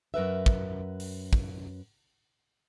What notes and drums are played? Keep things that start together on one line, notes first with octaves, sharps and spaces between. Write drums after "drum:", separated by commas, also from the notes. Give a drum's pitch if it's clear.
F#2 A#4 B4 E5
drum: kick
drum: open hi-hat
drum: kick